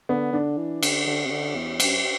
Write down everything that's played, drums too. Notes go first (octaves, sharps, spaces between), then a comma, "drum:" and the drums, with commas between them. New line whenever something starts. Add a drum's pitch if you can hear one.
D3 B3
D3 D4
E3
D3, drum: cymbal
D3
C3
D3
E2
F#2, drum: cymbal